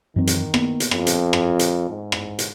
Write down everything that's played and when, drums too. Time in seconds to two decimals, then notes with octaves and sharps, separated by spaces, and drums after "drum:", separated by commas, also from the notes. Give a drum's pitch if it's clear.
0.16 F#2 D#3 E3 C4
0.27 drum: hi-hat
0.54 A#3 B3, drum: rim click
0.80 drum: hi-hat
0.91 F2, drum: rim click
1.07 drum: hi-hat
1.33 drum: rim click
1.59 drum: hi-hat
1.89 G#2
2.12 drum: rim click
2.39 drum: hi-hat